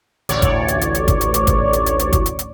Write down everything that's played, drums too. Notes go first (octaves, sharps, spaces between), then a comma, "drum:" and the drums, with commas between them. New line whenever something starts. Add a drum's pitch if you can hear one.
A1 D2 C#5 D5, drum: hi-hat
drum: kick G1, hi-hat
drum: hi-hat
drum: hi-hat
drum: hi-hat
drum: kick G1, hi-hat
drum: hi-hat
drum: hi-hat
drum: kick G1, hi-hat
drum: hi-hat
drum: hi-hat
drum: hi-hat
drum: kick G1, hi-hat
drum: hi-hat
drum: hi-hat